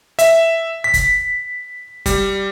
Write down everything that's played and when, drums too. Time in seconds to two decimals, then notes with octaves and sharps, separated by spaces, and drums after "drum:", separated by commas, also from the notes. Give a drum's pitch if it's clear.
0.19 E5, drum: hi-hat
0.84 B6
0.94 drum: kick G1, hi-hat
2.06 G3, drum: kick G1, hi-hat